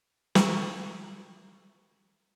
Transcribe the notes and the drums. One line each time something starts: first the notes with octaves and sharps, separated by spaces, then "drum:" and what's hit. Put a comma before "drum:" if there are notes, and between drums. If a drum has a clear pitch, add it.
G5 C#6, drum: snare